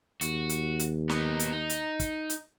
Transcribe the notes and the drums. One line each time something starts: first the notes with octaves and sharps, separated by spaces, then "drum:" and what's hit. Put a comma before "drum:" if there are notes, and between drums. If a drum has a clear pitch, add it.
D#2 F#4, drum: hi-hat
drum: hi-hat
drum: hi-hat
B3 D#4, drum: snare
drum: hi-hat
D#4
drum: hi-hat
drum: kick, hi-hat
drum: hi-hat